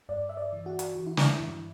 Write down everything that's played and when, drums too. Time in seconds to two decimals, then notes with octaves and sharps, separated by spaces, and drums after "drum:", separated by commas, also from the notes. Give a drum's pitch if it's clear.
0.09 G2 D5
0.29 E5
0.37 D5
0.53 E3
0.66 F#4
0.79 drum: hi-hat
0.95 E3 F#4
1.07 E4
1.17 D4, drum: snare
1.29 E4
1.40 G2